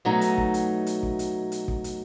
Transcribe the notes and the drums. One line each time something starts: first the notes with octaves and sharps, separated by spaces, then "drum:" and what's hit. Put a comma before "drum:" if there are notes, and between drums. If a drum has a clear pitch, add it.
B2 F#3 A3 D#4
drum: hi-hat
drum: kick
drum: hi-hat
drum: hi-hat
drum: kick
drum: hi-hat
drum: hi-hat
drum: kick
drum: hi-hat